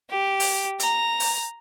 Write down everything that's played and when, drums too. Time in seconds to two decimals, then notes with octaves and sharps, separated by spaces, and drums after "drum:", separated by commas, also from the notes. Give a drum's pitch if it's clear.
0.10 G4
0.40 drum: open hi-hat
0.80 A#5, drum: hi-hat
1.20 drum: open hi-hat